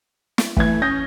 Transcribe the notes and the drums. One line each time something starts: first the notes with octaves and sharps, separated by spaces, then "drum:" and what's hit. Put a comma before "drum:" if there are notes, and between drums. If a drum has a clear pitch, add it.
drum: snare
E3 A3 G#6, drum: kick
C#4 D#6 G6 A#6